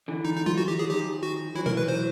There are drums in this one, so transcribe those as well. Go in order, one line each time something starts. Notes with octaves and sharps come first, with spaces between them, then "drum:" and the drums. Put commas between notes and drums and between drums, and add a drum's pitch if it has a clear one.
D3 E3
D#4
D#4
F4, drum: tom F#3
F#4
G4
F#3 G#4
D#3 F3 G4
F#4
E3 F#3 E4
A#4, drum: tom B2
B4
E3 F#3 C5